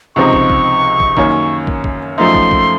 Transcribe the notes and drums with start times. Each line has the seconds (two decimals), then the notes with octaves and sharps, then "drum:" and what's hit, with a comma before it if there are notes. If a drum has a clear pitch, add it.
0.16 C#2 C3 F3 C4 D#4 C#6
0.33 drum: kick
0.50 drum: kick
1.00 drum: kick
1.17 F#2 D#3 A#3 C#4, drum: kick
1.67 drum: kick
1.84 drum: kick
2.18 F#2 F3 A3 D#4 C6
2.35 drum: kick
2.51 drum: kick